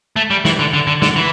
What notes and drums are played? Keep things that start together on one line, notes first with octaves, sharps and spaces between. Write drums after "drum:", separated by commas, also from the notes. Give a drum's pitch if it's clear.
A3
G3
E3, drum: snare
D3
D3
D3
D3, drum: snare
E3